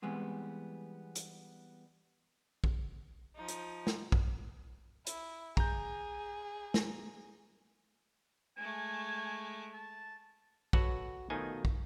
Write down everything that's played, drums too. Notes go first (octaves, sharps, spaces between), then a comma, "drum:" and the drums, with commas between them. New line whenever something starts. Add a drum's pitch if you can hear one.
E3 G3 G#3 B3 C4
drum: hi-hat
drum: kick
F3 D#4
drum: hi-hat
drum: snare
drum: kick
E4, drum: hi-hat
G#4 A#5 G6, drum: kick
drum: snare
G#3 A3 G#5
A5
F#4 A4 B4 C#5 F#5, drum: kick
B2 D#3 F3 A3 D#4 G#5
drum: kick